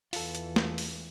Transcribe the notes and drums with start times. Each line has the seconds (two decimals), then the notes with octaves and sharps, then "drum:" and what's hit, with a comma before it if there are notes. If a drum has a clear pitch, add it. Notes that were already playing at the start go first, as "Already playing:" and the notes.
0.13 E2 E3 F4 A4, drum: open hi-hat
0.35 drum: hi-hat
0.56 drum: snare
0.78 drum: open hi-hat